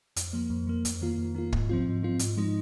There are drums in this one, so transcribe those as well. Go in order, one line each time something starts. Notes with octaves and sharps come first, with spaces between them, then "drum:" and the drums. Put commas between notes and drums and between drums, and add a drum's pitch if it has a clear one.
F2, drum: hi-hat
F3 A#3
F2
F3 A#3
F2, drum: hi-hat
D#3 A#3 F4
F2
D#3 A#3 F4
G#2, drum: kick
F3 C4 F4
G#2
F3 C4 F4
G#2, drum: hi-hat
F3 G#3 D#4